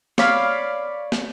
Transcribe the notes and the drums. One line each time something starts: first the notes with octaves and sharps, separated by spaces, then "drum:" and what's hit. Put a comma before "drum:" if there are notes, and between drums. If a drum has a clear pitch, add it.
C#5 D5 F5 B5, drum: snare
drum: snare